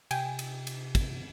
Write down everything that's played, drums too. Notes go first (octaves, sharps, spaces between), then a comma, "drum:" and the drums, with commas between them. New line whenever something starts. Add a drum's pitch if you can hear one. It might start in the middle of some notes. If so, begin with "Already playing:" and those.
C3 G5 G#5, drum: cymbal
drum: cymbal
drum: cymbal
drum: kick, cymbal